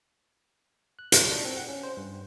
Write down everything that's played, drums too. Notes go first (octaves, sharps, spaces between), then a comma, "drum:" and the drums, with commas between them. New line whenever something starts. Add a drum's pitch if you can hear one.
F#6
F#3, drum: hi-hat
D4
C4
F#5
C#4
C5
G2